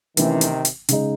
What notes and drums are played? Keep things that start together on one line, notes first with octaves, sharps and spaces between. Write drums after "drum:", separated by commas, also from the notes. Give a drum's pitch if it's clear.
C3 D#3 E3 A3 C#4 E4, drum: hi-hat
drum: hi-hat
drum: hi-hat
C#3 G#3 D#4, drum: hi-hat